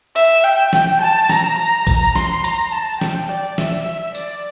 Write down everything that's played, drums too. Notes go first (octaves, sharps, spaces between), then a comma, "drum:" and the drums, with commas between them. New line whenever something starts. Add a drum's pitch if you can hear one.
E5, drum: hi-hat
G5
drum: snare
A5
A#5, drum: snare
A#5
A#5, drum: kick, hi-hat
C6, drum: snare
A#5, drum: hi-hat
A5
G5, drum: snare
D5
E5, drum: snare
D5, drum: hi-hat